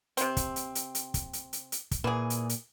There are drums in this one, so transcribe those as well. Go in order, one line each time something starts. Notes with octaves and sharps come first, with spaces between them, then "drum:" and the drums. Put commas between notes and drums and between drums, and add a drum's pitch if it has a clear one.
C3 C4, drum: hi-hat
drum: kick, hi-hat
drum: hi-hat
drum: hi-hat
drum: hi-hat
drum: kick, hi-hat
drum: hi-hat
drum: hi-hat
drum: hi-hat
drum: kick, hi-hat
A#2 E3 G#4
drum: hi-hat
drum: hi-hat